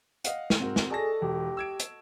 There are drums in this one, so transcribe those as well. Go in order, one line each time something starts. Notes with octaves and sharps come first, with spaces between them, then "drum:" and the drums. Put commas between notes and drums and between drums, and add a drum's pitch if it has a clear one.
D#5 F5 F#5, drum: hi-hat
drum: snare
G#2 C4 F#4 A#4
drum: snare
F#4 G#4 A4 D5 D#5 A5 A#6
E1 G4
E6 G#6 D7
drum: hi-hat